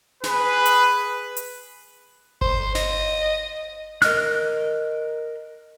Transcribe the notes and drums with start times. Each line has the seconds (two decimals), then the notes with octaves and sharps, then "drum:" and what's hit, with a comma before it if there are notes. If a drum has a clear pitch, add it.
0.24 G#4 B4, drum: snare
0.66 drum: hi-hat
1.37 drum: hi-hat
2.41 C5, drum: kick G1
2.75 D#5, drum: snare
4.02 A#4 D#5 F6 F#6, drum: snare